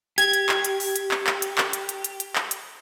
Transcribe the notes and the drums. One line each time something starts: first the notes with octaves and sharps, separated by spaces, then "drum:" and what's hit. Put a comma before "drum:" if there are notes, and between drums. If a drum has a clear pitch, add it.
G4 G#6, drum: hi-hat
drum: hi-hat
drum: clap
drum: hi-hat
drum: open hi-hat
drum: hi-hat
drum: clap
drum: clap
drum: hi-hat
drum: clap
drum: hi-hat
drum: hi-hat
drum: hi-hat
drum: hi-hat
drum: clap
drum: hi-hat